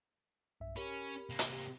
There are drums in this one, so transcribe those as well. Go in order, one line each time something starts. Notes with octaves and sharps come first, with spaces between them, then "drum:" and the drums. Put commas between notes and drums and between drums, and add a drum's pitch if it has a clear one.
B1 G2 E5
C#4 G4 A#4 B5
C3 A#3
drum: hi-hat
G4